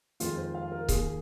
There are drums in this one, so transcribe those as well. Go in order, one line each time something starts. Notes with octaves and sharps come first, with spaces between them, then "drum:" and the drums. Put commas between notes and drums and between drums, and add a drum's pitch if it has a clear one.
F2 D#3 G#3 C4 F4, drum: hi-hat
C5
F5
A#4
D#2 D#3 A#3 G#4, drum: kick C#1, hi-hat